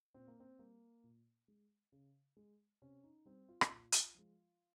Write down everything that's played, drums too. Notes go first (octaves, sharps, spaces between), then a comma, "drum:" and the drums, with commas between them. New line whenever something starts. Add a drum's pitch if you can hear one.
A#2 C4
A#3
C4
G3 A#3
A#2
G#3
C#3
G#3
C3 C#4
D#4
G3 C4
F4
drum: rim click
A#2
drum: hi-hat
F3 G#3